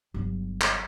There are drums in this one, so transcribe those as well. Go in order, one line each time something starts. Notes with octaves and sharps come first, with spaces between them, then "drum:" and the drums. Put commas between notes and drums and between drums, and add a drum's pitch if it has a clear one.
G1 F#3
drum: clap